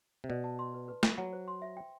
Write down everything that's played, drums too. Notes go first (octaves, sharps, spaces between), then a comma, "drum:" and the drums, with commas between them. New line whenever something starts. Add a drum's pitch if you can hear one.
C3
B2 D5
A5
C6
B4
B4
B5, drum: snare
F#3 F#5
C5
C6
E5
G5